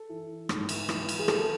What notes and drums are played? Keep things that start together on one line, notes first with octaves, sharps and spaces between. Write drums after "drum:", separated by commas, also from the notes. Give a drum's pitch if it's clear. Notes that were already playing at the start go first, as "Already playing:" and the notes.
Already playing: A4
E3
G#2, drum: rim click
drum: cymbal
E3, drum: rim click
drum: cymbal
G#4
E3 A4, drum: rim click